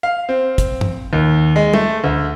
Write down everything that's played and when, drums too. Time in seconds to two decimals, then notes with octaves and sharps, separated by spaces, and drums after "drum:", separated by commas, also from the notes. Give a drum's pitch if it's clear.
0.03 F5
0.29 C4
0.58 drum: kick, hi-hat
0.81 drum: tom
1.13 D#2
1.56 G#3
1.74 A3, drum: tom
2.04 D2